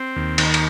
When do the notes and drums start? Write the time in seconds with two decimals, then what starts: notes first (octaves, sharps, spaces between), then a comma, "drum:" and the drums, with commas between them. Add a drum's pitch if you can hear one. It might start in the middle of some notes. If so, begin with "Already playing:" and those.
Already playing: C4
0.16 D#2
0.38 D#3, drum: cymbal
0.54 drum: cymbal